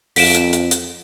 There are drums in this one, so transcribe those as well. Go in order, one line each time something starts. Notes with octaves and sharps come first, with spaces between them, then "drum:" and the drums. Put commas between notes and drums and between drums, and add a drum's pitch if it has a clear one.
F2 B6 D7 E7, drum: open hi-hat
drum: hi-hat
drum: hi-hat
drum: hi-hat